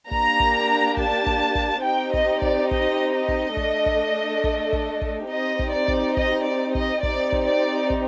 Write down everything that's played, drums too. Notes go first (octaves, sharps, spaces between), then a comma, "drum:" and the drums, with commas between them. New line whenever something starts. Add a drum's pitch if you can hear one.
A#3 D4 G4 A#5, drum: kick
drum: kick
A5, drum: kick
drum: kick
drum: kick
C4 D#4 G4 G5
D#5, drum: kick
D5, drum: kick
D#5, drum: kick
D#5
drum: kick
A3 D4 A4, drum: kick
drum: kick
drum: kick
drum: kick
drum: kick
C4 D#4 G4 D#5
drum: kick
D5
drum: kick
D#5, drum: kick
D5
D#5, drum: kick
C4 D#4 G4 D5, drum: kick
drum: kick
D5
drum: kick